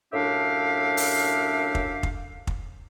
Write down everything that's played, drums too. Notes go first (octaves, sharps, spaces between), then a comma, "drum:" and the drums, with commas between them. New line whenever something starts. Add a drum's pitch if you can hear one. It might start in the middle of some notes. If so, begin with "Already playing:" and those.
F#2 A2 D4 G4 E5 F5
drum: open hi-hat
drum: kick
drum: kick
drum: kick